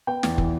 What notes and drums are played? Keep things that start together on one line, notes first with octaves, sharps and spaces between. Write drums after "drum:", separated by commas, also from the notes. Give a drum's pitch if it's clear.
B3 G5
E2, drum: snare
E3, drum: kick